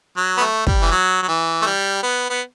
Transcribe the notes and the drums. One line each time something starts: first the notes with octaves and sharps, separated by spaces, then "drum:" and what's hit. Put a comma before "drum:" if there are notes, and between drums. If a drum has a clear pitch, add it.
F#3
B3
A3
G3, drum: kick
E3
F#3
F#3
E3
A3
G3
B3
B3